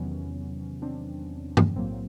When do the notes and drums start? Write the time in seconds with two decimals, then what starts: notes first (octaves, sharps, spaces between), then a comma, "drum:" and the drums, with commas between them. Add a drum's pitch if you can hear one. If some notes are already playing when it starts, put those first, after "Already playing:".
Already playing: E2 C3 D#3 F#3 B3 C#4
0.82 C4 D4
1.57 drum: tom G2
1.76 B1 A2 F#3 A#3 C4